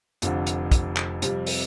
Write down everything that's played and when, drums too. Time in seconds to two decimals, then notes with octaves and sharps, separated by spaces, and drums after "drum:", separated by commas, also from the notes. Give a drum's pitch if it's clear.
0.22 F1 F2 D3 F3, drum: hi-hat
0.47 drum: hi-hat
0.71 drum: kick, hi-hat
0.96 drum: clap
1.22 F2 C3 G3 C4, drum: hi-hat
1.46 drum: open hi-hat